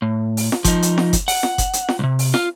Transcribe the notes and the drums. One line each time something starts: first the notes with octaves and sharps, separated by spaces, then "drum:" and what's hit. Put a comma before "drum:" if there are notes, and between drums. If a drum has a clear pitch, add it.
A2
drum: open hi-hat
drum: snare
F3 D#4, drum: kick F#1, hi-hat
drum: hi-hat
drum: snare
drum: kick F#1, hi-hat
F#5, drum: open hi-hat
drum: snare
drum: kick F#1, hi-hat
drum: hi-hat
drum: snare
C2 C3
drum: open hi-hat
F4, drum: snare